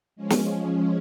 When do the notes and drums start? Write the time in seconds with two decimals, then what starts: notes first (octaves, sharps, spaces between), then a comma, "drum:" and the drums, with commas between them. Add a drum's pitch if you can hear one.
0.16 F3 G#3 C#4
0.30 drum: snare